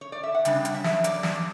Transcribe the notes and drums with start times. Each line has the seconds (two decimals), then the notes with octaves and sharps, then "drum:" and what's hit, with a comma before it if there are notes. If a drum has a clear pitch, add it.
0.01 C#5
0.12 D5
0.23 E5
0.34 F#5
0.45 C#3 G3 D4 G5, drum: hi-hat
0.65 drum: hi-hat
0.74 E5
0.84 drum: snare
1.04 D5, drum: hi-hat
1.23 drum: snare